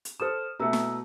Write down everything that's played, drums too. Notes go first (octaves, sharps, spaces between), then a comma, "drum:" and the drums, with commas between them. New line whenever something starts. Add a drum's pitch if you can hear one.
drum: hi-hat
A4 C5 D#6 F6 E7
B2 A3 A#5 E6
drum: snare